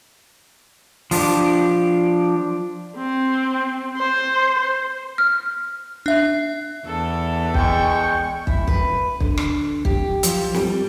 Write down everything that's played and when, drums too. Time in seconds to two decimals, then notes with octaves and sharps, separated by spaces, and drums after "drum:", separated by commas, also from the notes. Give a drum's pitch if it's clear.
1.11 F3 D4 G4, drum: open hi-hat
2.96 C4
3.97 C5
5.18 F6
6.06 D4 E5
6.87 E2 A4
7.54 G#3 G5 C#6, drum: kick
8.47 E4, drum: kick
8.68 B4, drum: kick
9.20 D3, drum: kick
9.38 drum: rim click
9.85 G4, drum: kick
10.23 F3, drum: hi-hat
10.54 G3, drum: snare